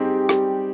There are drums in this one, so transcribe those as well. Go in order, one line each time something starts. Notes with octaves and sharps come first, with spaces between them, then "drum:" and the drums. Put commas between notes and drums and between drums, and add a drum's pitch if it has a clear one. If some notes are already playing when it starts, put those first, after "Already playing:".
Already playing: G3 C4 D#4 G4 G#4
G3, drum: rim click